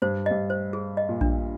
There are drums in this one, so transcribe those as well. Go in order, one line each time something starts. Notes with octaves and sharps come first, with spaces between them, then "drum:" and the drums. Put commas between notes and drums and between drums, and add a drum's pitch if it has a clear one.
G2 C5
G2 D#5
C5
G#4
D#5
A#2
D4, drum: kick A#1